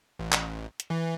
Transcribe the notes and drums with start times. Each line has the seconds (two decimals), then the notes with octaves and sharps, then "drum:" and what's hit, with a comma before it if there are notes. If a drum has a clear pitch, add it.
0.19 A1
0.32 drum: clap
0.80 drum: hi-hat
0.90 E3